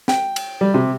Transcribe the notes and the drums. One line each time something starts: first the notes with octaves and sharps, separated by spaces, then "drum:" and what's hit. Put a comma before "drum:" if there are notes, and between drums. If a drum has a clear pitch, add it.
G5, drum: snare
drum: cymbal
G3
C3